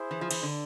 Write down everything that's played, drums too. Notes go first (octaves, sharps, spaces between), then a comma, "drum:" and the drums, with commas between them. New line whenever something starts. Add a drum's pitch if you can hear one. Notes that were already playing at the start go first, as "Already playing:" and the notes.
Already playing: E4 G#4 C5
E3
F3
E3, drum: cymbal
D3